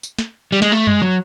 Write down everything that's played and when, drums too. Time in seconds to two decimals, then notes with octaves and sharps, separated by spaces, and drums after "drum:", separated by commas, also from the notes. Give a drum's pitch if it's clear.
0.03 drum: tambourine
0.19 drum: snare
0.52 G3
0.62 G#3, drum: snare
0.72 A3
0.87 G#3, drum: tom F#2
1.02 F#3